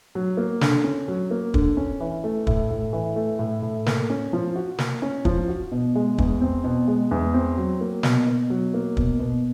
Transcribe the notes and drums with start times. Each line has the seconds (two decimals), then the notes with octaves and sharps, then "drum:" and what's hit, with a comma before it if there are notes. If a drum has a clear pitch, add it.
0.15 F#3
0.37 A#3
0.61 D3, drum: snare
0.84 C#4
1.08 F#3
1.31 A#3
1.54 D3, drum: kick
1.77 C#4
2.00 E3
2.24 A3
2.47 A2, drum: kick
2.70 A2
2.93 E3
3.16 A3
3.39 A2
3.62 A2
3.86 A#3, drum: snare
4.10 C#4
4.33 F3
4.56 F#4
4.79 A#3, drum: snare
5.02 C#4
5.25 F3, drum: kick
5.48 F#4
5.72 B2
5.95 G#3
6.18 E2, drum: kick
6.41 C4
6.64 B2
6.88 G#3
7.11 E2
7.34 C4
7.58 F#3
7.81 A#3
8.03 B2, drum: snare
8.27 B2
8.50 F#3
8.74 A#3
8.97 B2, drum: kick
9.19 B2